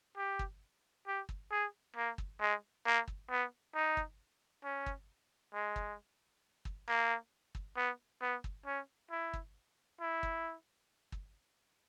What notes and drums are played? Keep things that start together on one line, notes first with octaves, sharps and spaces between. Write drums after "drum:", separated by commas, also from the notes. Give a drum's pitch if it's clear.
G4
drum: kick
G4
drum: kick
G#4
A#3
drum: kick
G#3
A#3
drum: kick
B3
D#4
drum: kick
C#4
drum: kick
G#3
drum: kick
drum: kick
A#3
drum: kick
B3
B3
drum: kick
C#4
E4
drum: kick
E4
drum: kick
drum: kick